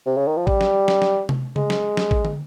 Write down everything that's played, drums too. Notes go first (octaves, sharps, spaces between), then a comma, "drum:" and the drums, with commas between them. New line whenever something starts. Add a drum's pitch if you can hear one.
C3
C#3
D#3
F3
G3, drum: kick
drum: snare
drum: snare
drum: snare
drum: tom C3
G#3, drum: tom C#3
drum: snare
drum: snare
drum: kick
drum: tom